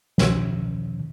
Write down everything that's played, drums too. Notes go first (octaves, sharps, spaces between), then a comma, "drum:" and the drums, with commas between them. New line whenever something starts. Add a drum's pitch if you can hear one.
E2 B2 D#3 F3 C#4, drum: snare